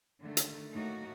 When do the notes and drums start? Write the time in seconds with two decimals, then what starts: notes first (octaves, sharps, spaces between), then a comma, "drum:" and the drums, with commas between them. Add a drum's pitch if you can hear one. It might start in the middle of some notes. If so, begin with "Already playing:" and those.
0.21 D3 D#3 A3
0.37 drum: hi-hat
0.72 A2 A3 A#3 D#4 F#4